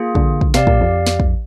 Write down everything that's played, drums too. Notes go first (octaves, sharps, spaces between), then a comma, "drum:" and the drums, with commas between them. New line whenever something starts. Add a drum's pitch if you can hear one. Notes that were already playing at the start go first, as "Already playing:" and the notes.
Already playing: A#3 F4 G#4
D3, drum: kick
drum: kick
C3 G4 D5 F5, drum: snare
A#2, drum: kick
F2
drum: snare
drum: kick